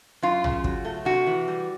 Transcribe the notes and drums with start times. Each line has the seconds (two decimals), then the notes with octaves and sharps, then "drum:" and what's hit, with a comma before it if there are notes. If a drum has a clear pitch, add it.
0.22 F#2 F4
0.44 C#3, drum: tom
0.64 F#3, drum: kick
0.85 A3
1.05 C3 F#4
1.27 E3
1.48 G3